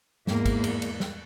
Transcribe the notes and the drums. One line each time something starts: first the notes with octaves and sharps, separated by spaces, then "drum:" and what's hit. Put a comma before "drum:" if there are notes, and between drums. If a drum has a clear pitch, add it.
E2 G#2 A#3, drum: snare
drum: kick, cymbal
drum: cymbal
drum: cymbal
drum: snare